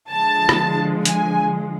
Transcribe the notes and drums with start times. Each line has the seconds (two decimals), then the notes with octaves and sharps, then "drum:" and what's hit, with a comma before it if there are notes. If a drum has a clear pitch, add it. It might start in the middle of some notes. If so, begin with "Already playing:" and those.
0.10 D3 F3 G#3 A5
0.49 drum: rim click
1.05 G#5, drum: hi-hat